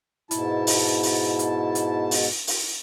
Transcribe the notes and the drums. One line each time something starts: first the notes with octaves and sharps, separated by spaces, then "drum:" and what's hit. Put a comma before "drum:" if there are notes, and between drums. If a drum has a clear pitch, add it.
G#2 B2 E4 A5, drum: hi-hat
drum: open hi-hat
drum: open hi-hat
drum: hi-hat
drum: hi-hat
drum: open hi-hat
drum: open hi-hat